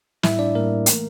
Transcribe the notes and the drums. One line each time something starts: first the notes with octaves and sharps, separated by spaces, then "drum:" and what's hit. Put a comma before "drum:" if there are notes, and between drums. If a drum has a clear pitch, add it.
A2 G3 E4 E5, drum: snare
D4 D5
A2 G3 A#3 A#4
E3 A3, drum: hi-hat